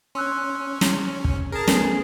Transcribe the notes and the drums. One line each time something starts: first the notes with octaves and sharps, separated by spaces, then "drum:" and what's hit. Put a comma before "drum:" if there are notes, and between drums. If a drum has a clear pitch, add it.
C#4 C6 E6 F#6
drum: snare
drum: kick
G#4 A#4 A5
A3 B3 C#4, drum: snare